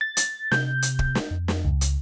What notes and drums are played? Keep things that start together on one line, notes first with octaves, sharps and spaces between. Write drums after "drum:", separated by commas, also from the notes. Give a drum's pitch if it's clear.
A6
drum: hi-hat
C3 G6, drum: snare
drum: hi-hat
drum: kick
drum: snare
F2
drum: snare
C#2
drum: hi-hat